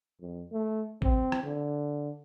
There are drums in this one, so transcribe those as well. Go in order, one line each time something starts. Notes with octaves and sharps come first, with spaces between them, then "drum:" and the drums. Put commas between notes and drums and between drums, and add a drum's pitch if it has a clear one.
F2
A3
C4, drum: kick A1
drum: rim click
D3